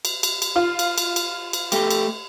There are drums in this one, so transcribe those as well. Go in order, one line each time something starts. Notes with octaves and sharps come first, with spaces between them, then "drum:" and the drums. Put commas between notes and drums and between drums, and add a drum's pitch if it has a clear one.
drum: cymbal
drum: cymbal
drum: cymbal
F4 F5
drum: cymbal
drum: cymbal
drum: cymbal
drum: cymbal
A3 G4, drum: cymbal
drum: cymbal